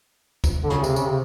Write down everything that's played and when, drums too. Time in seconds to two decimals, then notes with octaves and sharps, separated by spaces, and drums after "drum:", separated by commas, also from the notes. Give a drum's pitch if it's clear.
0.44 drum: kick, tambourine
0.64 D3
0.70 C#3, drum: snare
0.84 C3, drum: tambourine
0.96 C#3, drum: tambourine
1.09 C3